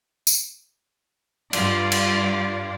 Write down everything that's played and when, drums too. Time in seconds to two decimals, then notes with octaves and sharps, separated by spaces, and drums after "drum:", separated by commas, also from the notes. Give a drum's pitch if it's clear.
0.27 drum: tambourine
1.53 G2 F4 D5, drum: cymbal
1.92 drum: cymbal